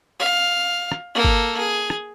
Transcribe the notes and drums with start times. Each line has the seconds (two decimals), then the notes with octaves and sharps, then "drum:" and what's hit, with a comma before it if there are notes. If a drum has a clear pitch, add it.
0.19 F5
0.92 drum: rim click
1.15 A#3 A4
1.24 drum: kick G1
1.57 G#4
1.90 drum: rim click